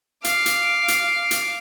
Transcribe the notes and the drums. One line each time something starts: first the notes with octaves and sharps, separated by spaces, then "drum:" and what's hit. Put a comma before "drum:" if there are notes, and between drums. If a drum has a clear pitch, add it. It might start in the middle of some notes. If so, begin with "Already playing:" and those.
F5 D6, drum: hi-hat
drum: hi-hat
drum: hi-hat
drum: hi-hat